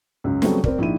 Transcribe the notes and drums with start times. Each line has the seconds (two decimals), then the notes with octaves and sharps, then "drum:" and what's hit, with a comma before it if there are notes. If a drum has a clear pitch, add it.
0.24 C#2 F#2
0.42 C#3 F#3 G3 A3 B3 C4, drum: snare
0.64 C4 A#4 D5, drum: kick
0.78 A#1 D#4 E4 D#7